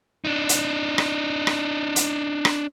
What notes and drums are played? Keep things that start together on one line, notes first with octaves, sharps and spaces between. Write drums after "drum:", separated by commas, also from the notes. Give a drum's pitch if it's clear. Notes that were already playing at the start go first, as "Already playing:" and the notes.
D4 D#4
drum: hi-hat
drum: rim click
drum: rim click
drum: hi-hat
drum: rim click